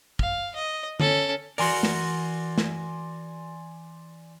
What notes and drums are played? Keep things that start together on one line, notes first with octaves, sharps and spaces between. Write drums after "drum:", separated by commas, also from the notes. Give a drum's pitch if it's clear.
F5, drum: kick
D#5
C#4 A4, drum: tom D3
E3 F#4 A#4 D5 G#5 C6, drum: open hi-hat
drum: snare
drum: snare